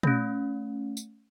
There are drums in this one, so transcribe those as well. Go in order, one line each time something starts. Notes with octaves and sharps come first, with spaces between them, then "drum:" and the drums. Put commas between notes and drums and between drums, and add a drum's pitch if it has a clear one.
A3 C#4, drum: tom
drum: tambourine